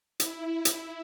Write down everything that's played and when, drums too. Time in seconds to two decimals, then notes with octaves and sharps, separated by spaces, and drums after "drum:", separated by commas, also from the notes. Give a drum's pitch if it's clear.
0.20 E4, drum: hi-hat
0.65 drum: hi-hat